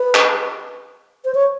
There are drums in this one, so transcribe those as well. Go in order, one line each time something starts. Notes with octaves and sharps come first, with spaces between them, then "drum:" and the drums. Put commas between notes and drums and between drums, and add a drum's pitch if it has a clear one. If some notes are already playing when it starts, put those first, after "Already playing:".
Already playing: B4
drum: clap
C5
C#5